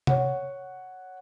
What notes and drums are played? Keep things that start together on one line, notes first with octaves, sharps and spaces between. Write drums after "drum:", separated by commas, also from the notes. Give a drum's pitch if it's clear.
C#5 F#5, drum: tom C3